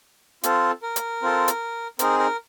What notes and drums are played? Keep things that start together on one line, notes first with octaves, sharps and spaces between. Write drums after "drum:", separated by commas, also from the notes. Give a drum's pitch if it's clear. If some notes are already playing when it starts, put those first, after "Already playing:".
C4 F4 A4, drum: hi-hat
A#4
drum: hi-hat
C4 F4 A4
drum: hi-hat
C4 D#4 G#4 A#4, drum: hi-hat
A#4